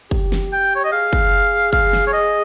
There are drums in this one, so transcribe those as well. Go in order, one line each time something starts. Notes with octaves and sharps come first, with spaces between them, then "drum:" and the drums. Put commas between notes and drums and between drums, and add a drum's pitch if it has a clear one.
G4, drum: kick
drum: snare
G5
C#5
D#5
G#4 F5
drum: kick
F5, drum: kick
drum: snare
C#5
D#5